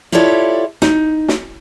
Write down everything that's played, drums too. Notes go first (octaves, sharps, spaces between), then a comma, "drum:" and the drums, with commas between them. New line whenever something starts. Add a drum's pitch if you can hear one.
E4 F4 G4 A4 C#5 D5
D#4, drum: snare
drum: snare